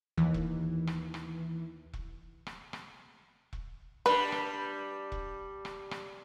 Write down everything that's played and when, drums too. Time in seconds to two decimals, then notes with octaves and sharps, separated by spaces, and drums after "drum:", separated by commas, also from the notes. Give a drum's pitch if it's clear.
0.17 D#2 E3
0.34 drum: kick E1
0.87 drum: rim click
1.14 drum: rim click
1.93 drum: kick E1
2.47 drum: rim click
2.73 drum: rim click
3.53 drum: kick E1
4.06 G3 D4 B4, drum: rim click
4.32 drum: rim click
5.12 drum: kick E1
5.65 drum: rim click
5.91 drum: rim click